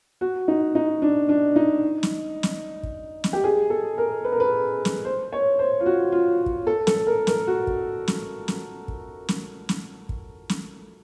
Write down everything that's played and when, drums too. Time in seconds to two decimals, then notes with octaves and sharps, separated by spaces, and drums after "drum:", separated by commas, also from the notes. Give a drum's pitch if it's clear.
0.21 F#4
0.48 D#4
0.75 D#4
1.02 D4
1.29 D4
1.56 D#4
2.03 drum: snare
2.43 drum: snare
2.83 drum: kick
3.24 drum: snare
3.33 G4
3.44 G#4
3.70 A4
3.98 A#4
4.24 B4
4.32 A#4
4.40 B4
4.85 drum: snare
5.05 C5
5.32 C#5
5.59 C5
5.80 F4
5.86 F#4
6.12 F4
6.46 drum: kick
6.67 A4
6.87 A4, drum: snare
7.07 A#4
7.27 A#4, drum: snare
7.47 F#4
7.67 drum: kick
8.08 drum: snare
8.48 drum: snare
8.88 drum: kick
9.29 drum: snare
9.69 drum: snare
10.09 drum: kick
10.49 drum: snare